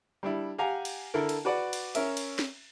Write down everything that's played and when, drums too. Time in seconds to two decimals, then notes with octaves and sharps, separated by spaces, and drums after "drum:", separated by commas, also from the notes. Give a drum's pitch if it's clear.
0.23 G3 D4 E4
0.58 G4 F5 F#5 G#5 A#5
0.85 drum: cymbal
1.14 D3 E4 A4 A#4
1.29 drum: cymbal
1.45 F#4 B4 D5 F#5
1.73 drum: cymbal
1.95 C#4 A#4 E5, drum: cymbal
2.17 drum: cymbal
2.39 drum: snare